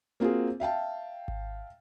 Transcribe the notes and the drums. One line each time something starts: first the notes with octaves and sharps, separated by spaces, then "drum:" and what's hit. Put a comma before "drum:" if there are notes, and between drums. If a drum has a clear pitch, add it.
A#3 C4 F4 F#4 G#4
E5 F5 G5 A5
drum: kick G#1